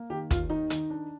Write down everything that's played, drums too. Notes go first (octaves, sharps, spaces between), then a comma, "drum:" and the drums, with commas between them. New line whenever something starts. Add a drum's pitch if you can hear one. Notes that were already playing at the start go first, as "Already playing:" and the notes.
Already playing: A#3
D#3 G4
D#2 F4, drum: kick, hi-hat
D#3 D#4
D#3, drum: hi-hat
D4